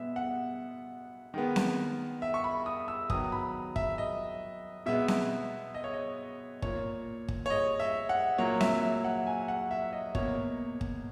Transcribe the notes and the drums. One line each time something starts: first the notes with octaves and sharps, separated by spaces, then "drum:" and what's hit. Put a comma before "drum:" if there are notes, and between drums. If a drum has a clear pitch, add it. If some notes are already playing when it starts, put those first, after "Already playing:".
Already playing: B2 G#3 B3 E5
F#5
D#3 G#3 B3
drum: snare C4
E5
C#6
B5
D#6
E6
D#3 F#3 B3 D#6, drum: kick
B5
E5, drum: kick
D#5
B2 G#3 B3 E5
drum: snare C4
D#5
C#5
D#5
A#2 A#3 C#5, drum: kick
drum: kick
C#5
D#5
E5
F#5
A#2 F#3 A#3 C#5
E5, drum: snare C4
E5
F#5
G#5
F#5
E5
D#5
B2 A#3 C#5, drum: kick
drum: kick